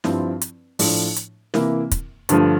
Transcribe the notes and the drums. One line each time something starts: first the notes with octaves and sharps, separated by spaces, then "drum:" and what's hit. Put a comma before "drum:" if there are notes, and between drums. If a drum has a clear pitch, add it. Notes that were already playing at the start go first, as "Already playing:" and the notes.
G2 F3 C4 E4, drum: snare
drum: hi-hat
A2 F3 A3 D4, drum: open hi-hat
drum: hi-hat
C3 E3 A#3 E4, drum: snare
drum: kick, hi-hat
G2 D3 F3 A3, drum: hi-hat